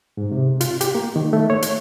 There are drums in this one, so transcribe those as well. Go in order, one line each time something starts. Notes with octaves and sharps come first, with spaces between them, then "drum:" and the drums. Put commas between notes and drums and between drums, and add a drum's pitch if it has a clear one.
G#2
C3
F4, drum: hi-hat
G4, drum: hi-hat
A#3
D#3
A3
C#5
drum: hi-hat